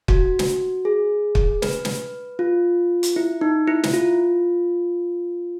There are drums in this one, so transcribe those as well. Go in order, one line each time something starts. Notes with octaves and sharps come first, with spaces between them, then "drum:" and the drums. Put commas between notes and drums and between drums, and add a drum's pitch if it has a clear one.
F#4, drum: kick
drum: snare
G#4
drum: kick
B4, drum: snare
drum: snare
F4
drum: hi-hat
E4
D#4
E4
E4, drum: snare
F4